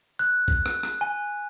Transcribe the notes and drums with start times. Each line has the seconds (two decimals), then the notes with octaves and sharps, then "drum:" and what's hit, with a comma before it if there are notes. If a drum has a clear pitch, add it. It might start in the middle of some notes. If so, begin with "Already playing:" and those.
0.19 F#6
0.48 drum: kick B1
0.66 drum: rim click
0.83 drum: rim click
1.01 G#5